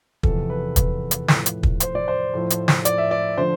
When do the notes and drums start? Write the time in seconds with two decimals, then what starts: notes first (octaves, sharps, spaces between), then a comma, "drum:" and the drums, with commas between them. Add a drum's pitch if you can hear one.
0.23 E2 C3 F3 A4, drum: kick
0.50 B4
0.76 B4, drum: kick, hi-hat
1.11 drum: hi-hat
1.28 A2 F3, drum: snare
1.46 drum: hi-hat
1.63 drum: kick
1.80 C5, drum: hi-hat
1.95 D5
2.08 C5
2.33 A2 F3
2.50 drum: hi-hat
2.68 drum: snare
2.85 D5, drum: hi-hat
2.98 E5
3.11 D5
3.38 D3 F3 C5